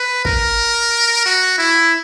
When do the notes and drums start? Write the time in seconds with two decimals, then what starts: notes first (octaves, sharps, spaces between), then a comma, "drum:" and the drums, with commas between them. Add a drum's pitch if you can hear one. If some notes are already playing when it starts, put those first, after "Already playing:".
Already playing: B4
0.25 A#4, drum: kick
1.25 F#4
1.58 E4